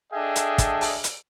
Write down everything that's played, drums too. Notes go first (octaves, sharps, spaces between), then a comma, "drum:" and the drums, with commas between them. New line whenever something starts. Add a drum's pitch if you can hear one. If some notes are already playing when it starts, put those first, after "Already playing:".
D4 G#4 A4 D#5 E5 G5
drum: hi-hat
drum: kick, hi-hat
drum: open hi-hat
drum: hi-hat